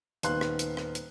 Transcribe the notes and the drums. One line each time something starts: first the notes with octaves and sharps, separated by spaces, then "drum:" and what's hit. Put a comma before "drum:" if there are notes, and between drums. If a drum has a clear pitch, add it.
D#1 D#3 B3 F5 C6 F#6, drum: hi-hat
drum: rim click
drum: hi-hat
drum: rim click
drum: hi-hat